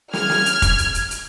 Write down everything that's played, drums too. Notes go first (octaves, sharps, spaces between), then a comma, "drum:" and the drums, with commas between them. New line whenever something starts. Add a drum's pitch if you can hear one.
F6 G#6, drum: snare
drum: snare
drum: hi-hat
drum: kick, hi-hat
drum: hi-hat
drum: hi-hat
drum: hi-hat